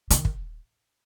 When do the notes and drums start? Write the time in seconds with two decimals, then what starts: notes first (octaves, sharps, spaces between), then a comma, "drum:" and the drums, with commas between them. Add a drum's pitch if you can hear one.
0.10 D#3, drum: hi-hat
0.25 drum: kick